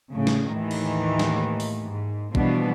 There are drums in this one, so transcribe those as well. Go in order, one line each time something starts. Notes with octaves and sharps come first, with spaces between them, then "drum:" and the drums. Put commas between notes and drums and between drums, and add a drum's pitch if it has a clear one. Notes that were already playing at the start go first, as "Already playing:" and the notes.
A2 C#3
drum: snare
D#2 A2 D#3 E3
drum: cymbal
drum: snare
drum: open hi-hat
G#2
B2 E3 F3 G3 B3 D4, drum: kick